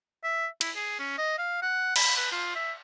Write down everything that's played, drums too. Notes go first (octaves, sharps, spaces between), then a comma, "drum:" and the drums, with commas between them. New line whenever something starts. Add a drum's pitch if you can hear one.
E5
E4, drum: cymbal
G#4
C#4
D#5
F5
F#5
B5, drum: cymbal
B4
F4
E5